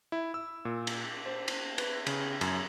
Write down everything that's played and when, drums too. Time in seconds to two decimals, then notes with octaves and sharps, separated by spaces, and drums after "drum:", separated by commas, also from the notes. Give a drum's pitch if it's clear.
0.12 E4
0.34 E6
0.65 A#2
0.87 drum: cymbal
1.26 C5
1.48 drum: cymbal
1.78 B4, drum: cymbal
2.07 C#3, drum: cymbal
2.41 F#2, drum: cymbal